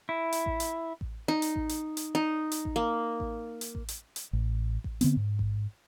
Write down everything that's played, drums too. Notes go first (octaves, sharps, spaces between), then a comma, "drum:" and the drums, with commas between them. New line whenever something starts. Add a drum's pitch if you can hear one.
E4
drum: hi-hat
drum: kick A1
drum: hi-hat
drum: kick A1
D#4
drum: hi-hat
drum: kick A1
drum: hi-hat
drum: hi-hat
D#4
drum: hi-hat
drum: kick A1
A#3
drum: kick A1
drum: hi-hat
drum: kick A1
drum: hi-hat
drum: hi-hat
A1
drum: kick A1
D3 B3 C4, drum: hi-hat
G#2
drum: kick A1